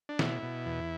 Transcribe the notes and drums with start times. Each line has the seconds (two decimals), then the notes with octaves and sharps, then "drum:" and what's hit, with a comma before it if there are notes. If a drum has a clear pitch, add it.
0.09 D4
0.19 B2 E4, drum: snare
0.43 B2
0.66 E2